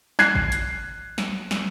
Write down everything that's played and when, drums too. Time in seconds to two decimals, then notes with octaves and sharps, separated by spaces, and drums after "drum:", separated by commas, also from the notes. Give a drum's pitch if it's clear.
0.19 F#6 G#6 C7, drum: snare
0.35 drum: kick
0.52 drum: hi-hat
1.18 drum: snare
1.51 drum: snare